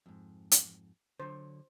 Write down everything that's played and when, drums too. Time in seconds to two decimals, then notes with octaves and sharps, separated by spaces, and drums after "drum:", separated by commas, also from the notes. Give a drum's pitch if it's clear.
0.06 F2 G#2
0.51 drum: hi-hat
1.20 D3 F#3 C5